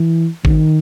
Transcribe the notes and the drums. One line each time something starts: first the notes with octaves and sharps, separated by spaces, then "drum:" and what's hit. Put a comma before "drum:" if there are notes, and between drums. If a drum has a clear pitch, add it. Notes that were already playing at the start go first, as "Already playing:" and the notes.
Already playing: E3
D#3, drum: kick G#1